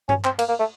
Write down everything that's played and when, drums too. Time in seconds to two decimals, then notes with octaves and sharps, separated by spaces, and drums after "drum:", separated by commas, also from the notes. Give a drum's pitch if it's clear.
0.09 C#4, drum: tom G2
0.24 C4, drum: clap
0.39 A#3, drum: cymbal
0.49 A#3
0.59 A3